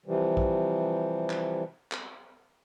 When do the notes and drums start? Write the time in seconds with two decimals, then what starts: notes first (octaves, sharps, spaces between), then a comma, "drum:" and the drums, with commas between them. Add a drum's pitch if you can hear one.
0.06 C3 E3 F3 G3
0.37 drum: kick A#1
1.30 drum: clap
1.92 drum: clap